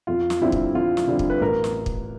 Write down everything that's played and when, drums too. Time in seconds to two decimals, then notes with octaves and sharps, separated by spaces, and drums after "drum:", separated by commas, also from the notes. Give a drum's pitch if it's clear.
0.07 F2 F4
0.30 drum: snare
0.41 D3 G3 C4 E4
0.52 drum: kick
0.74 F2 F4
0.97 drum: snare
1.07 D3 G3 C4
1.19 drum: kick
1.30 B4
1.41 A1 A#4
1.64 drum: snare
1.86 drum: kick